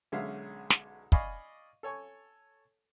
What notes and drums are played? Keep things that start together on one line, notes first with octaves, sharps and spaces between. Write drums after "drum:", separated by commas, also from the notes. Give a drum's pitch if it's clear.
B1 D3 G#3 C#4 E5 F5
drum: snare
D5 D#5 F5 G#5 B5 C#6, drum: kick
A4 C#5 G#5 C#6